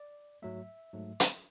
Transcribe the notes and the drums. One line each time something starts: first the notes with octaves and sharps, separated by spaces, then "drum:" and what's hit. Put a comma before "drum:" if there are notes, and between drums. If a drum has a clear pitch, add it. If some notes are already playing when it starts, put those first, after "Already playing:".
Already playing: D5
G#2 F#3 A3 E5
G#2 F#3 A3
drum: hi-hat